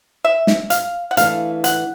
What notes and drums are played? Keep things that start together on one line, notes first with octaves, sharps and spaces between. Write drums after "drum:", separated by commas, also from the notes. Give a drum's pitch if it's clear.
E5
drum: snare
F5, drum: hi-hat
F#5
E3 A3 D4 F5, drum: hi-hat
F#5, drum: hi-hat